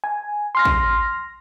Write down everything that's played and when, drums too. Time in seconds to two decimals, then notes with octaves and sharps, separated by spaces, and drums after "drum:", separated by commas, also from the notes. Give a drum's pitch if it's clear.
0.04 G#5
0.55 C6 F6 A#6
0.65 drum: kick